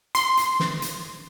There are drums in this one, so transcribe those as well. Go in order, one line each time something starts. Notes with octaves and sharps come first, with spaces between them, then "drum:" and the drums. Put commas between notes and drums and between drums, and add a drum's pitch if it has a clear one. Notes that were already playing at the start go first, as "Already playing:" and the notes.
C6, drum: hi-hat
drum: hi-hat
drum: snare
drum: hi-hat